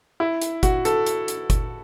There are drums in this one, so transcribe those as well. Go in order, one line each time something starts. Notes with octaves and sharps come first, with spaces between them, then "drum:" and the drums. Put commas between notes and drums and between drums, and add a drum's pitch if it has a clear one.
E4
drum: hi-hat
F#4, drum: kick G1, hi-hat
A4, drum: hi-hat
drum: hi-hat
drum: hi-hat
drum: kick G1, hi-hat